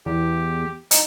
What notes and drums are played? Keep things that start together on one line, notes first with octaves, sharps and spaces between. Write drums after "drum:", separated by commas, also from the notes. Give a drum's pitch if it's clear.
E2 G4
D#4, drum: hi-hat